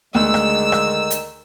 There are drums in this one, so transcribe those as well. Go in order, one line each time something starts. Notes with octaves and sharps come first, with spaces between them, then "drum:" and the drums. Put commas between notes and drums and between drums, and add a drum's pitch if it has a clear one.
D2 D3 D#3 G#3 E6
drum: rim click
drum: rim click
drum: hi-hat